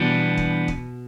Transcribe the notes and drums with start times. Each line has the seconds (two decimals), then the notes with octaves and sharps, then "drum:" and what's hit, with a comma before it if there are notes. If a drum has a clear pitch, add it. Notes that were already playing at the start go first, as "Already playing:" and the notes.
Already playing: B2 E3 G3 B3 D4
0.37 drum: kick
0.68 drum: kick